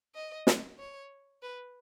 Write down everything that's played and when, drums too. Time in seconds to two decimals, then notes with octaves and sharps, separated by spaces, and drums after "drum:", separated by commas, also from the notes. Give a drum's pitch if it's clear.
0.15 D#5
0.47 drum: snare
0.79 C#5
1.42 B4